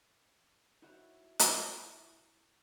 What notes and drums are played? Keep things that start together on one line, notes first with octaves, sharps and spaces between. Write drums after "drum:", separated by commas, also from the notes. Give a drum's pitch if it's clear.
D#4 E4 F#4 C5 C#5
drum: hi-hat